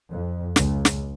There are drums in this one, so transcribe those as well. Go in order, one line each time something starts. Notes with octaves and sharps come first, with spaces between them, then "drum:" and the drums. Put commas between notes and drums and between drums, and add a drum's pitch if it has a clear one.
F2
C#2, drum: snare
drum: snare